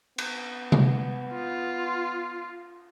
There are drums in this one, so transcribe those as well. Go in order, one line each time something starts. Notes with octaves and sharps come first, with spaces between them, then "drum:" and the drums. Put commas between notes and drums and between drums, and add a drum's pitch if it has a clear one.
B3, drum: cymbal
drum: tom C3
F4